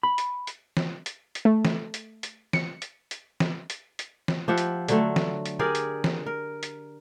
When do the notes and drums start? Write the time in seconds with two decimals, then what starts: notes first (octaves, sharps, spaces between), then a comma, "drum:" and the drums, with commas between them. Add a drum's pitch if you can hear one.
0.03 B5
0.18 drum: hi-hat
0.47 drum: hi-hat
0.77 drum: snare
1.06 drum: hi-hat
1.35 drum: hi-hat
1.45 A3
1.65 drum: snare
1.94 drum: hi-hat
2.23 drum: hi-hat
2.53 C#7, drum: snare
2.82 drum: hi-hat
3.11 drum: hi-hat
3.40 drum: snare
3.70 drum: hi-hat
3.99 drum: hi-hat
4.28 drum: snare
4.48 F3 G4 E5 F#5
4.58 drum: hi-hat
4.88 D3 F#3 A3, drum: hi-hat
5.16 drum: snare
5.46 drum: hi-hat
5.59 G4 G#4 A#4 D5
5.75 drum: hi-hat
6.04 drum: snare
6.26 A#4
6.63 drum: hi-hat